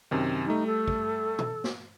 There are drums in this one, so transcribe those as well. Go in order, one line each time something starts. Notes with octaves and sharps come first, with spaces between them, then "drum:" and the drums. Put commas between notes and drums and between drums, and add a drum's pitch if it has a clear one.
F#2 C3 D#3
G3 A3 D#4
A4
drum: kick
drum: tom A#2
drum: snare